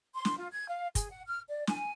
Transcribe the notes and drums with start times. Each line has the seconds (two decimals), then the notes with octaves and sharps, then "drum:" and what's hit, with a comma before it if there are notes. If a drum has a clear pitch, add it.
0.13 C6
0.25 drum: snare
0.37 F4
0.51 G#6
0.68 F5
0.95 G#4, drum: kick, hi-hat
1.11 F#5
1.26 F6
1.49 D5
1.67 G#5, drum: snare